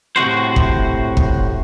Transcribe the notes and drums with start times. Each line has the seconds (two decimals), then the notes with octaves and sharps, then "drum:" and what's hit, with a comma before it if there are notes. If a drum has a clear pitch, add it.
0.16 A2 C3 D#3 F#4 C5
0.56 drum: kick
1.17 drum: kick